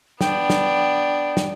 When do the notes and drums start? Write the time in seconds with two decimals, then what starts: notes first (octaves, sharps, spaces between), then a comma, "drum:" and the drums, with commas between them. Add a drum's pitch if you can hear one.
0.21 B3 D4 G5, drum: snare
0.50 drum: snare
1.37 drum: snare